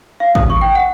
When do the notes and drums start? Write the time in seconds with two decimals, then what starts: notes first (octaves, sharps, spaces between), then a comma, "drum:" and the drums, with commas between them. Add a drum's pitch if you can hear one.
0.20 F5
0.35 D#6, drum: kick
0.50 C#6
0.61 G5
0.75 F#5